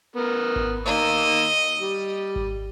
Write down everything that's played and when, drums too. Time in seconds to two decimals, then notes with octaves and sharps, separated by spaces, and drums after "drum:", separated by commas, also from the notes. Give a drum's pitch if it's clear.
0.16 B3 A#4
0.56 drum: kick G#1
0.86 D#3 A#3 D#5 E6
1.79 G3
2.36 drum: kick G#1